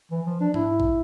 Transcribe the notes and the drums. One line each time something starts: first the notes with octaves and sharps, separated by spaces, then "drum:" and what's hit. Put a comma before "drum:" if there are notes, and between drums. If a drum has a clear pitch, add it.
E3
F3
D4
E4, drum: tom G#2
drum: kick